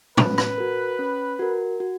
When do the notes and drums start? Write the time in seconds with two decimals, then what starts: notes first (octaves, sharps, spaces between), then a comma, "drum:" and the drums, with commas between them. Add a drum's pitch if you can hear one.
0.17 C#4 B4, drum: tom
0.38 drum: rim click
0.58 F#4 A#4
0.99 C#4
1.39 F#4 A#4
1.80 F#4